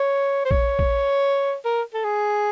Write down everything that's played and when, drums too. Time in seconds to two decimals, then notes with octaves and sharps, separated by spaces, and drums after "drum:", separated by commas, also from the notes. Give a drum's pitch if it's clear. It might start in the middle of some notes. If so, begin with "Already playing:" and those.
Already playing: C#5
0.45 C5
0.51 C#5, drum: kick A#1
0.79 drum: kick A#1
1.65 A#4
1.94 A4
2.04 G#4